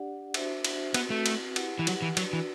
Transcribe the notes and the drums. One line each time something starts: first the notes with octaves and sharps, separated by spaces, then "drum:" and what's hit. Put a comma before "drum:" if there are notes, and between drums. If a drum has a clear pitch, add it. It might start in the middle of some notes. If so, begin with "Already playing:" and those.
Already playing: D4 G4 D5 F#5
D4 F#4 C5 E5, drum: cymbal
drum: cymbal
B3 C4 F#4 B4, drum: cymbal
A3
drum: cymbal
E4 G4 B4 F#5, drum: cymbal
E3
F#3, drum: cymbal
E3
F#3 D4 F#4 B4 D5, drum: cymbal
E3